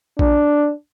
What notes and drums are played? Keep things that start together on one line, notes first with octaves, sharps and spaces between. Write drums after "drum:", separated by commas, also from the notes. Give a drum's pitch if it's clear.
D4, drum: kick A#1